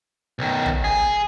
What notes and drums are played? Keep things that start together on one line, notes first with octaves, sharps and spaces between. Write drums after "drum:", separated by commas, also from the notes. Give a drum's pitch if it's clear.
B1 D#3
drum: tom
G#4